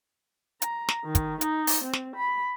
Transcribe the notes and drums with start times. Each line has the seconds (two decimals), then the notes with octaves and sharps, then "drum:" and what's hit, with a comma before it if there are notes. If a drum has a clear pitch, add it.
0.62 A#5, drum: hi-hat
0.89 drum: snare
1.05 D#3
1.15 drum: kick, hi-hat
1.41 D#4, drum: hi-hat
1.67 drum: open hi-hat
1.84 C4
1.93 drum: snare
2.16 B5